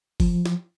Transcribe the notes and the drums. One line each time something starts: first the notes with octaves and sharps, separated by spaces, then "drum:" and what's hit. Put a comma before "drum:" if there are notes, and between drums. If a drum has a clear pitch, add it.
F3, drum: kick F#1, open hi-hat
drum: snare